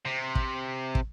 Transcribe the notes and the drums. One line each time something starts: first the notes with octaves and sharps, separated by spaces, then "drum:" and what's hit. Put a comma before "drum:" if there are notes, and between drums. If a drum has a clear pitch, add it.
C3
drum: kick
drum: kick